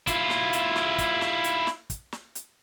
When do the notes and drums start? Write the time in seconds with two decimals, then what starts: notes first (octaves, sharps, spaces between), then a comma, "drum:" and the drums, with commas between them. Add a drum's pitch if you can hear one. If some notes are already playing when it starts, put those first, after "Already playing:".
0.07 E4 F4, drum: kick, hi-hat
0.30 drum: snare
0.53 drum: hi-hat
0.76 drum: snare
0.98 drum: kick, hi-hat
1.21 drum: snare
1.44 drum: hi-hat
1.67 drum: snare
1.90 drum: kick, hi-hat
2.12 drum: snare
2.35 drum: hi-hat